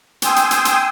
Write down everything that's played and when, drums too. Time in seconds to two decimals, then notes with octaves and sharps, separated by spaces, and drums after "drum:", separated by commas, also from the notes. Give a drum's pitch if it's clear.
0.22 G5 G#5 C6 D#6 E6, drum: hi-hat
0.36 drum: hi-hat
0.51 drum: hi-hat
0.65 drum: hi-hat